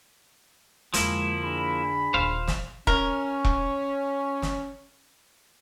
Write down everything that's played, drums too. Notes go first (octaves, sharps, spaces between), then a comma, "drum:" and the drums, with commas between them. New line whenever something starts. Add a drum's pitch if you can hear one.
F2 D3 F3 G#3 A#3 E4, drum: hi-hat
D4 G#4 B5
D#1 F4 C5 F5
drum: snare
C#4 A#4, drum: kick E1
drum: kick E1
drum: snare